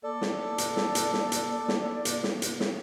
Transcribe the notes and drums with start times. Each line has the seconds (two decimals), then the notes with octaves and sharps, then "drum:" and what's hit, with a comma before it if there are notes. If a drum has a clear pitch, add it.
0.03 A#3 A4 D5
0.22 drum: snare
0.58 drum: hi-hat
0.77 drum: snare
0.95 drum: hi-hat
1.13 drum: snare
1.32 drum: hi-hat
1.68 drum: snare
2.05 drum: hi-hat
2.24 drum: snare
2.42 drum: hi-hat
2.60 drum: snare